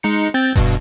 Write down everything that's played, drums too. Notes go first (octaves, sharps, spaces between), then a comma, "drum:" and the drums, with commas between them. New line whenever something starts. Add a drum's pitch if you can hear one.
G#3 D#4 C#7
C4 G6 A6
G2 B2, drum: kick E1, hi-hat